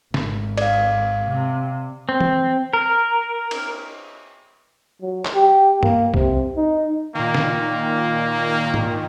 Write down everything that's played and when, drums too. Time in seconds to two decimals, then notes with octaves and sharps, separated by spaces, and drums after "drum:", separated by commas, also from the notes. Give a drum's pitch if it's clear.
0.14 G#1, drum: snare
0.57 D5 F5, drum: cymbal
1.27 C3
2.09 C4
2.21 drum: tom E3
2.73 A#4
3.51 drum: cymbal
5.02 F#3
5.25 drum: clap
5.35 G4
5.83 A#3, drum: tom
6.14 C3, drum: kick
6.56 D#4
7.15 A#2 D#3 A#3
7.34 drum: snare
8.74 drum: tom G#2